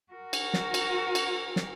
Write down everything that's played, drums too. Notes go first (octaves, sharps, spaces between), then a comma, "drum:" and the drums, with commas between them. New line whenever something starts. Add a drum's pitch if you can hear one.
F#4 A#4
drum: cymbal
drum: snare
drum: cymbal
drum: cymbal
drum: snare